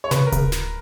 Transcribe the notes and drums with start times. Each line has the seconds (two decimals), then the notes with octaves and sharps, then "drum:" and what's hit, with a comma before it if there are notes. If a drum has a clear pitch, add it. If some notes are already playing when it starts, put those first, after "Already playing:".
0.04 C#5
0.11 C#3 B4, drum: snare
0.26 A#4
0.32 C#3, drum: kick D1, hi-hat
0.52 drum: snare